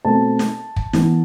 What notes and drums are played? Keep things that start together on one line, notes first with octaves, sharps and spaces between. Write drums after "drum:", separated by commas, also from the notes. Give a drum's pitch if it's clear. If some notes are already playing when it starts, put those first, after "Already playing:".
B2 A3 C4 A5
drum: snare
drum: kick
E3 B3, drum: snare